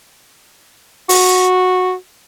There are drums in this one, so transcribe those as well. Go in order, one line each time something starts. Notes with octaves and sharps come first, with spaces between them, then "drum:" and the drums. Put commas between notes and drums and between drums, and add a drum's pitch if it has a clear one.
F#4, drum: open hi-hat